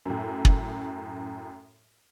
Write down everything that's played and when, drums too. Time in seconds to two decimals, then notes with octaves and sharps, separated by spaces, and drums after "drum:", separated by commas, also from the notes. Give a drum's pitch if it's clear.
0.05 F#2 A2
0.45 drum: kick